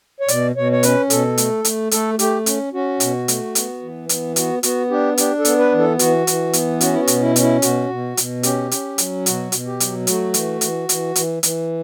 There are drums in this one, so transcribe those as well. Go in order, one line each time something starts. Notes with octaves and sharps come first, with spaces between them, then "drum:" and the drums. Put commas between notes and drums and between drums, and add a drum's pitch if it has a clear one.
C#5
B2 D5, drum: hi-hat
B2 C#5
C#5
C#4 B4, drum: hi-hat
B2 A4, drum: hi-hat
A3, drum: hi-hat
A3, drum: hi-hat
A3 A4, drum: hi-hat
A3 G4, drum: hi-hat
C#4, drum: hi-hat
C#4 F#4
B2, drum: hi-hat
A3, drum: hi-hat
B3, drum: hi-hat
E3
B3, drum: hi-hat
B3 F#4, drum: hi-hat
B3 F#4, drum: hi-hat
D4 G4
D4 G4, drum: hi-hat
A4
B3, drum: hi-hat
B4
E3
A4
E3 F#4, drum: hi-hat
E3, drum: hi-hat
B3, drum: hi-hat
C#4 F#4, drum: hi-hat
E4
F#4
B2, drum: hi-hat
E4
C#4, drum: hi-hat
E4
B2 F#4, drum: hi-hat
B2
B2, drum: hi-hat
C#4 G4, drum: hi-hat
C#4, drum: hi-hat
F#3, drum: hi-hat
B2 F#4, drum: hi-hat
B2, drum: hi-hat
G4
F#3, drum: hi-hat
A3 F#4, drum: hi-hat
E3, drum: hi-hat
E3, drum: hi-hat
E3, drum: hi-hat
E3, drum: hi-hat
E3, drum: hi-hat